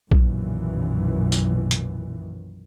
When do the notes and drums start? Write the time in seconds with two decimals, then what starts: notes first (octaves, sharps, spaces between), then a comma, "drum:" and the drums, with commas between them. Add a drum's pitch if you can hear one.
0.11 B1 F#2 A#2 D#3 E3, drum: kick A#1
1.32 drum: tambourine
1.71 drum: hi-hat